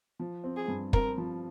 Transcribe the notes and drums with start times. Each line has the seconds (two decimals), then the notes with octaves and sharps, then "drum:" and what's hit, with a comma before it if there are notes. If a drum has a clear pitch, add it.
0.19 F3
0.44 C4
0.57 G#4
0.68 G2
0.93 C4 A#4, drum: kick
1.18 F3